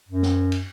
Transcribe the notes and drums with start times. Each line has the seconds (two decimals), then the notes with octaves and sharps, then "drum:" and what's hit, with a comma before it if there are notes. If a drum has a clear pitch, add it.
0.09 F#2
0.23 drum: snare
0.52 drum: cymbal